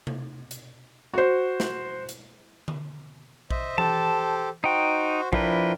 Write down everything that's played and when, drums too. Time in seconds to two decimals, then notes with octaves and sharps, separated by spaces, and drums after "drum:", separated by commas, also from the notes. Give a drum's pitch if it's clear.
0.07 drum: tom C3
0.51 drum: hi-hat
1.14 F#4 C5
1.60 drum: snare
2.09 drum: hi-hat
2.68 drum: tom D3
3.51 C5 D#5 E5, drum: kick A#1
3.78 G4 A4 C5 A5, drum: tom E3
4.64 D#4 F#4 C5 G5
5.33 F3 D4 E4 A#4 B4 G5, drum: kick A#1